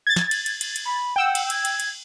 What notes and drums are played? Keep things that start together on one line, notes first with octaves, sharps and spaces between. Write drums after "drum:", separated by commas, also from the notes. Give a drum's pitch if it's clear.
G#6 A6
drum: snare
drum: cymbal
drum: cymbal
drum: cymbal
drum: cymbal
B5
F#5 G5 E6
drum: cymbal
G#6, drum: cymbal
drum: cymbal
drum: cymbal